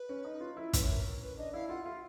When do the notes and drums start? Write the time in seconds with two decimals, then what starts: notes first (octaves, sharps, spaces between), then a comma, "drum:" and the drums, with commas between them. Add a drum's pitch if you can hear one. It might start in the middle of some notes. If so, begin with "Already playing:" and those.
Already playing: B4
0.09 C#4
0.24 D#4
0.40 F4
0.57 E4
0.73 C#4 B4, drum: kick, hi-hat
0.89 A#4
1.05 A#4
1.22 B4
1.38 D4 D#5
1.53 E4 F5
1.69 F4 F#5
1.86 F4